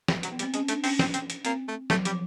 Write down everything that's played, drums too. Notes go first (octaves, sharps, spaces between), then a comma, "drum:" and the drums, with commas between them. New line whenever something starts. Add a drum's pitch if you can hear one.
E3, drum: snare
F#3, drum: hi-hat
B3
G3, drum: hi-hat
C4
G#3 C#4, drum: hi-hat
A3 D4, drum: hi-hat
C4 C#4, drum: open hi-hat
C4, drum: snare
C4, drum: hi-hat
drum: hi-hat
A#3 C4, drum: hi-hat
A3
F#3 A3, drum: snare
F3 G3, drum: hi-hat